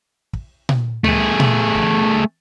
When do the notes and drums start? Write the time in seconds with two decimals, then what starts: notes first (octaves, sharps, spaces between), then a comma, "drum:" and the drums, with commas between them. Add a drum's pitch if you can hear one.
0.33 drum: kick
0.69 drum: tom A#2
1.04 A3 G#4, drum: tom C#2
1.40 drum: tom A#2
1.75 drum: kick